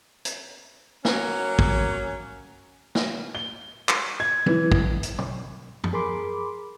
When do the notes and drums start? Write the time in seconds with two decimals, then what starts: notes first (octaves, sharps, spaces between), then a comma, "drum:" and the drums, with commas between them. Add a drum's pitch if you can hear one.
0.25 drum: hi-hat
1.05 F#3 A#3 C#4, drum: snare
1.59 drum: kick
2.95 drum: snare
3.35 G7
3.89 drum: clap
4.20 G#6
4.46 E3, drum: tom
4.72 drum: kick
5.03 drum: hi-hat
5.18 drum: tom
5.84 drum: tom F#2
5.93 G#4 A#4 B5 C6 D6